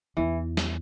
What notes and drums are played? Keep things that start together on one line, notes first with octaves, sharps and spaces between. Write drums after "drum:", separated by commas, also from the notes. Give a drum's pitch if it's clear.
E2 E3
drum: snare